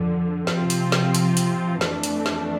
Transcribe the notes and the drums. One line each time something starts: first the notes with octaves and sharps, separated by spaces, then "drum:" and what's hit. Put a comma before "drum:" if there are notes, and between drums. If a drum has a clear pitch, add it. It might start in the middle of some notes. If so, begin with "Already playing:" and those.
Already playing: F2 D3 F3
C3 F3 C4 F4, drum: snare
drum: hi-hat
drum: snare
drum: hi-hat
drum: hi-hat
F2 E3 A3 D4, drum: snare
drum: hi-hat
drum: snare